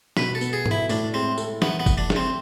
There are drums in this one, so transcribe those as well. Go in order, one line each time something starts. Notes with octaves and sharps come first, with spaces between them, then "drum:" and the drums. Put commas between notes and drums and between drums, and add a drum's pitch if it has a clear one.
B2 B4, drum: snare
A4
B3, drum: tambourine
G#4
A4, drum: tom G#2
E4
A2 D4, drum: tambourine
G#3 C4
A4, drum: tambourine
E3 B3, drum: snare
B3
A3, drum: kick F#1, tambourine
D4
G#4, drum: snare
C4